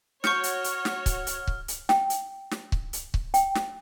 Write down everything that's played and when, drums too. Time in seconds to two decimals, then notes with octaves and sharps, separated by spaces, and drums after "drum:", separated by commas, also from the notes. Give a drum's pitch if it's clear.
0.24 F#4 C#5 C#6 F6 G6 C#7, drum: snare
0.43 drum: hi-hat
0.64 drum: hi-hat
0.85 drum: snare
1.06 drum: kick C#1, hi-hat
1.27 drum: hi-hat
1.47 drum: kick C#1
1.68 drum: hi-hat
1.89 G5, drum: snare
2.10 drum: hi-hat
2.51 drum: snare
2.72 drum: kick C#1
2.93 drum: hi-hat
3.14 drum: kick C#1
3.34 G5, drum: hi-hat
3.55 drum: snare